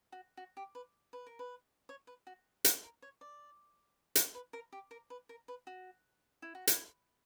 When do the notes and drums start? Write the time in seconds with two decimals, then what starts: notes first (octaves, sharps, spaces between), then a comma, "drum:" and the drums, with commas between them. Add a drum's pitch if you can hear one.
0.12 F#4
0.37 F#4
0.57 G4
0.75 B4
1.13 B4
1.27 A#4
1.39 B4
1.89 C#5
2.07 B4
2.27 F#4
2.64 F#4, drum: hi-hat
2.83 A#4
3.02 C#5
3.21 D5
4.15 C#5, drum: hi-hat
4.35 B4
4.53 A#4
4.73 G4
4.91 A#4
5.10 B4
5.29 A#4
5.48 B4
5.67 F#4
6.42 E4
6.55 F#4
6.67 E4, drum: hi-hat